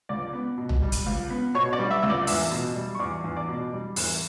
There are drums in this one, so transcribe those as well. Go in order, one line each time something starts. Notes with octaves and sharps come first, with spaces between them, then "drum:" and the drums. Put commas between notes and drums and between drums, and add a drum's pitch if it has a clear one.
C#2 D5 D6
B3
B2
drum: tom A#1
G3
drum: hi-hat
C#2
B3
B2 C#5 C#6
D5 D6
G3
E5 E6
C#2 E6
D5 D6
E2 E5 E6, drum: open hi-hat
B2
G3
C#6
E2 D5 D6
E2
D5 D6
B2
G3
E2, drum: open hi-hat